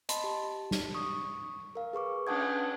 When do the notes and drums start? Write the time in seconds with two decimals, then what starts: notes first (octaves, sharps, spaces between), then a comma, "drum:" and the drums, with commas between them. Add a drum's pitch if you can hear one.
0.09 D#5 A5 B5 C6, drum: hi-hat
0.24 G4 A5
0.71 drum: snare
0.95 C#6 D#6
1.75 A#4 F5
1.93 G#4 B4 C#6 D6
2.27 C#4 D4 B4 A5 D#6 G#6, drum: cymbal